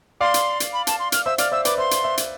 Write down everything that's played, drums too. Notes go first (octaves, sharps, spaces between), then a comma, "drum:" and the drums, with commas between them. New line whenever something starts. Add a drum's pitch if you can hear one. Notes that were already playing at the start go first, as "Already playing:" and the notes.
D5 F5 C6
drum: hi-hat
drum: hi-hat
B5
A5, drum: hi-hat
C6
F6, drum: hi-hat
C5 E5 E6
D5 F5 F6, drum: hi-hat
C5 E5 E6
B4 D5 D6, drum: hi-hat
C5 E5 C6
drum: hi-hat
C5 E5
drum: hi-hat